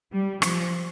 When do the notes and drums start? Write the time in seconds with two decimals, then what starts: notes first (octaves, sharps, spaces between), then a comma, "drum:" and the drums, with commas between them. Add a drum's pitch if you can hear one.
0.12 G3
0.42 F3, drum: rim click